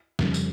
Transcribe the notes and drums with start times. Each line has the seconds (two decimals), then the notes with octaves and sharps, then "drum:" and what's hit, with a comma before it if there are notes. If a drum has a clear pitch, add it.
0.19 F2 C#3 G3, drum: snare
0.34 drum: tambourine